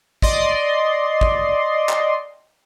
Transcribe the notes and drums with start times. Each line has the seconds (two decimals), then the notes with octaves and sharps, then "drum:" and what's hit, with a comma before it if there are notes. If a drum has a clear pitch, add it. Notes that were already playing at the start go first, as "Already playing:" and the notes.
0.22 D5 D#5 C6, drum: kick
1.21 drum: kick
1.89 drum: clap